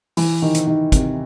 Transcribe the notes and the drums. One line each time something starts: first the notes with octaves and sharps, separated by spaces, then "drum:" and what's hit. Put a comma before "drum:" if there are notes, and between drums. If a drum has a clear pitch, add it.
E3, drum: open hi-hat
D#3
drum: hi-hat
D#3
C3, drum: kick, hi-hat